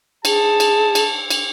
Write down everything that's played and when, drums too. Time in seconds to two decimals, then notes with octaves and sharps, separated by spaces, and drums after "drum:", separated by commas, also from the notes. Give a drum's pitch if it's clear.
0.25 G#4 A5, drum: cymbal
0.60 drum: cymbal
0.95 drum: cymbal
1.30 drum: cymbal